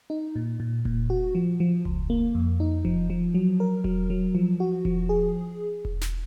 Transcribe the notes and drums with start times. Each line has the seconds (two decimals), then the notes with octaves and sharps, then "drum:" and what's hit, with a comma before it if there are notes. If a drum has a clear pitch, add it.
0.10 D#4
0.36 A#2
0.60 A#2
0.85 A#2, drum: kick E1
1.10 F#4
1.35 F3
1.60 F3
1.85 C#2, drum: kick E1
2.10 A#3
2.35 F2
2.60 D#4
2.85 F3, drum: kick E1
3.10 F3
3.34 F#3
3.60 A#4
3.84 F#3, drum: kick E1
4.10 F#3
4.35 F3
4.60 F#4
4.85 F3, drum: kick E1
5.09 G#4
5.85 drum: kick E1
6.01 drum: snare